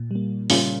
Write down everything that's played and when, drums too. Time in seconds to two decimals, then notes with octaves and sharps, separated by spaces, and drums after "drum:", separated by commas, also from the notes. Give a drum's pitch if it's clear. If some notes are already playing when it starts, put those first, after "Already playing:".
Already playing: A#2
0.11 G3 A#3
0.50 A#2 C#3 G3, drum: open hi-hat